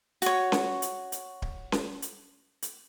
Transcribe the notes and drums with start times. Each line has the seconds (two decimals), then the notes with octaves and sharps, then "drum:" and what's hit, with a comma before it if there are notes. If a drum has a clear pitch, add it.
0.22 F#4 C#5, drum: hi-hat
0.52 drum: snare C#4
0.82 drum: hi-hat
1.12 drum: hi-hat
1.42 drum: kick D1
1.72 drum: snare C#4
2.02 drum: hi-hat
2.62 drum: hi-hat